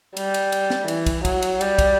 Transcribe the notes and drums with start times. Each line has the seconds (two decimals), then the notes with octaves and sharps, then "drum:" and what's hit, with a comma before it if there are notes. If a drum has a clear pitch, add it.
0.17 G3, drum: cymbal
0.34 drum: cymbal
0.52 drum: cymbal
0.70 drum: snare
0.88 E3, drum: cymbal
1.06 drum: kick, cymbal
1.25 F#3, drum: kick, cymbal
1.42 drum: cymbal
1.61 G3, drum: cymbal
1.79 drum: kick, cymbal